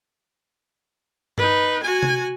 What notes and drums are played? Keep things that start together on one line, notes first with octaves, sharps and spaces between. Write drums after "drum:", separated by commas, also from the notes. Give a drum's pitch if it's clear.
D#4 B4, drum: tom G2
F#4 G#5
drum: tom C3